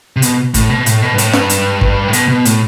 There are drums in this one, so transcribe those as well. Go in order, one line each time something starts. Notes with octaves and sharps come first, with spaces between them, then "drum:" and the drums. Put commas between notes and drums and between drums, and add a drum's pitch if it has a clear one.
C3
B2, drum: hi-hat
A2, drum: kick, hi-hat
B2
A2, drum: hi-hat
B2
G2
A2, drum: hi-hat
G2, drum: snare
drum: hi-hat
drum: kick
A2
B2, drum: hi-hat
B2
A2, drum: hi-hat